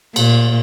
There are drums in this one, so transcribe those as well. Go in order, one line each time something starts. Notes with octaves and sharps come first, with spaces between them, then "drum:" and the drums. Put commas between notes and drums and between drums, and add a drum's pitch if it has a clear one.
A#2, drum: cymbal